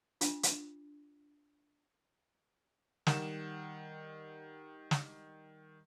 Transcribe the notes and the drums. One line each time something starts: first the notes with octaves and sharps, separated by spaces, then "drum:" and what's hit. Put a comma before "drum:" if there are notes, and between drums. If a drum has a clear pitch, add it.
D4 F4, drum: hi-hat
drum: hi-hat
D#3 G3 F#5 E7, drum: snare
drum: snare